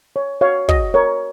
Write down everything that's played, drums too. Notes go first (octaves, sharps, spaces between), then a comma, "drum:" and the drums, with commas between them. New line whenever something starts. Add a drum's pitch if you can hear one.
C#5
F#4 C#5 F5
F#4 D#5, drum: kick
A#4 C#5